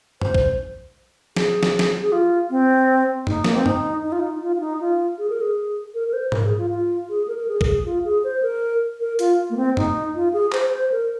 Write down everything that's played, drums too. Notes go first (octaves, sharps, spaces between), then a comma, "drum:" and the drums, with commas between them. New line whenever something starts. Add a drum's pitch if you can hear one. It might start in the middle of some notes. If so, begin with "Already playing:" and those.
C5, drum: tom F#2
drum: kick B1
G#4, drum: snare
drum: snare
drum: snare
G#4
F4
C4
D#4, drum: tom F#2
A#3, drum: snare
C4
D#4, drum: tom F#2
D#4
F4
D#4
F4
F4
D#4
F4
G#4
A#4
G#4
A#4
A#4
C5
A#4, drum: tom G#2
G#4
F4
F4
G#4
A#4
A#4
G#4
A#4, drum: kick B1
G#4
F4
G#4
C5
A#4
A#4
F4, drum: hi-hat
A#3
C4
D#4, drum: tom F#2
F4
G#4
C5, drum: clap
C5
A#4